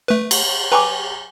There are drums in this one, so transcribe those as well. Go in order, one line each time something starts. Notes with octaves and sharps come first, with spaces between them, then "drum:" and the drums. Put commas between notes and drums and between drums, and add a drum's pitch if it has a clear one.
A3 B4
drum: cymbal
B4 G5 G#5 A#5 C#6 D6